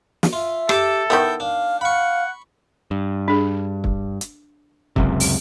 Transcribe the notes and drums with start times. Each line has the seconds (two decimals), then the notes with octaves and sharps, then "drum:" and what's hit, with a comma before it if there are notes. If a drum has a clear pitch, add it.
0.23 drum: snare
0.33 F4 E5
0.69 G4 A4 A5 D6, drum: rim click
1.10 D#3 A3 B3 E4 G5
1.40 D4 F5
1.81 F5 F#5 B5 C#6
2.91 G2
3.28 D4 G#4
3.84 drum: kick
4.21 drum: hi-hat
4.96 C#2 F#2 C3, drum: kick
5.20 drum: open hi-hat